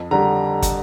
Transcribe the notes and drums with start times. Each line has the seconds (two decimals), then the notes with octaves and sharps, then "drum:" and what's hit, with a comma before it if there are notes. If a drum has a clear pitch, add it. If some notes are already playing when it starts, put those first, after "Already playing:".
Already playing: F2
0.11 D3 G3 A#5
0.62 drum: kick, hi-hat